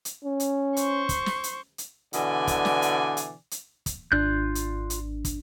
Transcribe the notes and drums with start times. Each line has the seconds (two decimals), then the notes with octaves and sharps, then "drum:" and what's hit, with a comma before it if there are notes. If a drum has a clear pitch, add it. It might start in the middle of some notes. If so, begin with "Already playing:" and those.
0.05 drum: hi-hat
0.25 C#4
0.40 drum: hi-hat
0.77 C5 C#6, drum: hi-hat
1.09 drum: kick, hi-hat
1.26 drum: snare
1.44 drum: hi-hat
1.78 drum: hi-hat
2.13 B2 D3 E3 D5 G#5, drum: hi-hat
2.47 drum: kick, hi-hat
2.65 drum: snare
2.82 drum: hi-hat
3.17 drum: hi-hat
3.51 drum: hi-hat
3.86 drum: kick, hi-hat
4.12 G#1 D4 F4 F#6 G6
4.55 drum: hi-hat
4.90 drum: hi-hat
5.25 drum: kick, hi-hat